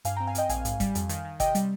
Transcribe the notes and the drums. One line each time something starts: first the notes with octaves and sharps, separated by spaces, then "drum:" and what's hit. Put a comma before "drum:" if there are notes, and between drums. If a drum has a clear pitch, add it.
G2 F5 G#5, drum: hi-hat
C4 G5 A#5
F5 G#5
C4 D#5 G5, drum: hi-hat
A#1 F5 G#5, drum: hi-hat
G#2, drum: hi-hat
G3, drum: kick G1, hi-hat
F2, drum: hi-hat
D#3, drum: hi-hat
D#3
C3 D#5 G5, drum: kick G1, hi-hat
G3, drum: hi-hat